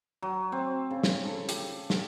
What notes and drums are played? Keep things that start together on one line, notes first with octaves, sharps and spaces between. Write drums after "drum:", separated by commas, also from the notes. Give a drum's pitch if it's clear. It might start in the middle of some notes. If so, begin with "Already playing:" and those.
F#3
C4
C#3
drum: snare
A4
G4, drum: hi-hat
drum: snare